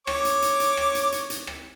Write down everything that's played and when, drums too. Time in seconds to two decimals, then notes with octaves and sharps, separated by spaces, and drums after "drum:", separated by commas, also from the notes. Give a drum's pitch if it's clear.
0.07 C#5 D6, drum: rim click
0.25 drum: hi-hat
0.42 drum: hi-hat
0.60 drum: hi-hat
0.77 drum: rim click
0.95 drum: hi-hat
1.12 drum: hi-hat
1.30 drum: hi-hat
1.47 drum: rim click